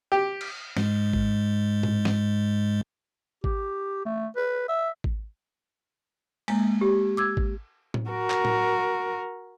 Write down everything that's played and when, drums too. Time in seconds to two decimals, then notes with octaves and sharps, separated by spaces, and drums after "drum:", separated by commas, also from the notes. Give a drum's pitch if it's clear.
0.12 G4
0.41 drum: cymbal
0.77 G#2 G#3, drum: snare
1.13 drum: kick G#1
1.83 drum: tom A2
2.05 drum: snare
3.44 G4, drum: kick G#1
4.05 A3
4.36 B4
4.68 E5
5.04 drum: kick G#1
6.48 G#3 A#3, drum: cymbal
6.81 G4
7.17 D6 E6 G#6
7.37 drum: kick G#1
7.94 drum: tom A2
8.10 F#4 A#4
8.30 drum: clap
8.45 drum: tom A2